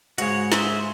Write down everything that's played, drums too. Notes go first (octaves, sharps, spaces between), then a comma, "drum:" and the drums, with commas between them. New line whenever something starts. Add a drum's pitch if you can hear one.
G#2 C#3 F#4 C#5, drum: hi-hat
G#4 C5 E5, drum: snare